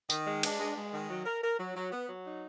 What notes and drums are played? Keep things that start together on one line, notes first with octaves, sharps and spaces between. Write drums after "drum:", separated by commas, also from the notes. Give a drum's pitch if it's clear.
D#3, drum: tambourine
G#3
D4, drum: cymbal
G#3
G#3
D#3
F#3
A#4
A#4
F#3
F#3
B3
F#3
D#4